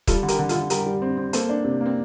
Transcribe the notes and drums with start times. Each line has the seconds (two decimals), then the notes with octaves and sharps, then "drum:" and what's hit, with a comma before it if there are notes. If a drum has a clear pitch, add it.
0.07 G3 F4 A4, drum: kick, hi-hat
0.23 D3
0.28 G4 A#4, drum: hi-hat
0.39 D3
0.49 F4 A4, drum: hi-hat
0.55 D3
0.70 G3 G4 A#4, drum: hi-hat
0.86 G3
1.02 C4
1.18 C4
1.33 A#3 A4 C5, drum: hi-hat
1.49 D4
1.64 C3
1.81 A#3 C4